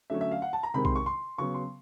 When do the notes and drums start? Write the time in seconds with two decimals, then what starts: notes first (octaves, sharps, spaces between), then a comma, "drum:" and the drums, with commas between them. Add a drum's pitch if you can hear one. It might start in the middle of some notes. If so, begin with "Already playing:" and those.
0.10 D3 F#3 A3 C#4 E5
0.21 E5
0.32 F5
0.42 F#5
0.53 A5
0.63 A#5
0.74 C3 D#3 G#3 C4 B5
0.85 C6, drum: kick B1
0.96 C#6
1.06 C6
1.38 C#3 F#3 B3 C#6
1.54 C6